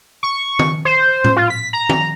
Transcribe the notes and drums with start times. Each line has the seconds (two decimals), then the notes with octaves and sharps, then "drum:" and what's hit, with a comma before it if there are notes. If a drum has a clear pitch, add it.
0.23 C#6
0.59 drum: tom D#3
0.85 C5
1.24 drum: tom A2
1.37 F4
1.50 B6
1.73 A#5
1.89 drum: tom D#3